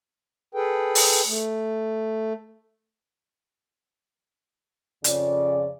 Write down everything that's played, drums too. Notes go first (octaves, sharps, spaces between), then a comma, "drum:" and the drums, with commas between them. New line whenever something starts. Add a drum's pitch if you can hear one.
G#4 A4 B4 G5
drum: open hi-hat
A3
F2 C#3 D5, drum: hi-hat